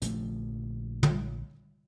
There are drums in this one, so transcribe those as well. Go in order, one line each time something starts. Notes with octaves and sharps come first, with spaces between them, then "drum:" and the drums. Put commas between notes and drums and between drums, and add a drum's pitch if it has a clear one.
A#1 D3 F3 A3, drum: hi-hat
drum: tom